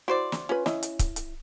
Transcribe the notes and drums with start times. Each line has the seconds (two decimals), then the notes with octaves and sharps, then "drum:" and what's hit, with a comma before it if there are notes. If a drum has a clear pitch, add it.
0.08 E4 F#4 C5 D5
0.32 drum: snare
0.49 C#4 F4 B4
0.66 E4 C#5 D#5, drum: snare
0.83 drum: hi-hat
0.99 drum: kick C#1, hi-hat
1.16 drum: hi-hat